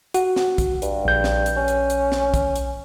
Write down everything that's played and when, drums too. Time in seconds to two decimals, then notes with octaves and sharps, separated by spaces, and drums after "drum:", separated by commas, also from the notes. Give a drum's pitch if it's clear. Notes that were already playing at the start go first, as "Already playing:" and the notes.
0.14 F#4 F#5, drum: hi-hat
0.36 drum: snare
0.58 drum: kick, hi-hat
0.82 G2, drum: hi-hat
1.05 A#1 G6
1.24 drum: snare
1.46 drum: hi-hat
1.57 C#4
1.68 drum: hi-hat
1.90 drum: hi-hat
2.12 drum: snare
2.34 drum: kick, hi-hat
2.56 drum: hi-hat